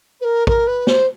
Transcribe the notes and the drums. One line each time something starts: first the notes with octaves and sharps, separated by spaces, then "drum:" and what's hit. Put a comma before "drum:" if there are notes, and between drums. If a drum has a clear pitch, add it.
B4
A#4
A#4, drum: kick
B4
C5, drum: snare